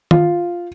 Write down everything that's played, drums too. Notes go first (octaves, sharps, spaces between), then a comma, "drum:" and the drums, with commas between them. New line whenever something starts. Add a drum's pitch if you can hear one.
F4, drum: tom D#3